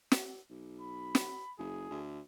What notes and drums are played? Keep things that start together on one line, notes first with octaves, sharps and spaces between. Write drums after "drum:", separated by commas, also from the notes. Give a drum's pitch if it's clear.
drum: snare
B1
B5
drum: snare
F#1 G#4
D2